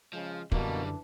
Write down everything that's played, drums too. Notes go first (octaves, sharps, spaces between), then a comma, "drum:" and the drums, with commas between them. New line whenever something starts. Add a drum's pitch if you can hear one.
C#3 F3 G#3
B1 F#2 B2 D3 E3 G3 A#3 D4, drum: kick